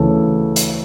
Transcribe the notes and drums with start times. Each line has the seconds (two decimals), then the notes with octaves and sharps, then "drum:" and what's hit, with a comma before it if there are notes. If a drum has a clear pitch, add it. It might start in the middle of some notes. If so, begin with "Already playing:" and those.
Already playing: D2 C#3 E3 A4 C#5
0.56 drum: hi-hat